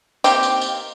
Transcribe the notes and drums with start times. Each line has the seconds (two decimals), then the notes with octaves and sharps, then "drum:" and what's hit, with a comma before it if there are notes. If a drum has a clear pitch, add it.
0.24 A#3 C4 D#4 G4, drum: tambourine
0.43 drum: tambourine
0.61 drum: tambourine